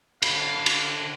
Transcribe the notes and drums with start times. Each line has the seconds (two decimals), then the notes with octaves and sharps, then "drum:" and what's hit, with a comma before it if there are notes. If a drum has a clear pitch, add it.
0.22 D3 F5 B5, drum: cymbal
0.66 drum: cymbal